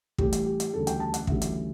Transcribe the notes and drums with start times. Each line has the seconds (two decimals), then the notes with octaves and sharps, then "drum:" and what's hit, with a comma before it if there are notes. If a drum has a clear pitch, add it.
0.18 A2 E3 G3 G4, drum: kick
0.33 drum: hi-hat
0.46 G4
0.60 drum: hi-hat
0.73 D2 C#3 E3 G3 A4
0.87 G5, drum: hi-hat
1.00 A5
1.14 F#5, drum: hi-hat
1.27 D2 C#3 E3 G3 E5, drum: kick
1.42 drum: hi-hat